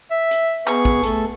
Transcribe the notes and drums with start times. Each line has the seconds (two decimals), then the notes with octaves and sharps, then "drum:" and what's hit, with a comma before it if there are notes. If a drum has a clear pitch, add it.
0.11 E5
0.31 drum: hi-hat
0.67 B3 G#4 C#6, drum: clap
0.85 drum: kick
1.03 A3 A4, drum: hi-hat